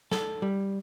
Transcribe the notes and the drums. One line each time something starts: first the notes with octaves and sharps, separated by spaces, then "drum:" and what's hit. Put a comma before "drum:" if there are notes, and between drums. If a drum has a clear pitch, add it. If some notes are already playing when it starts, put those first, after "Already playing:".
A4, drum: snare
G3